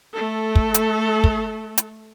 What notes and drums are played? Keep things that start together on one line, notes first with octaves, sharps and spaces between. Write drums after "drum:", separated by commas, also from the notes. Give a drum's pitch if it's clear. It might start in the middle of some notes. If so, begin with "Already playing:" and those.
A3 A4
drum: kick
drum: hi-hat
drum: kick
drum: hi-hat